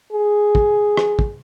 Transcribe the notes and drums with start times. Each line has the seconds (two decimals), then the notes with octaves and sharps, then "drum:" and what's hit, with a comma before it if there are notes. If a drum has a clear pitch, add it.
0.12 G#4
0.55 drum: kick
0.97 drum: rim click
1.19 drum: kick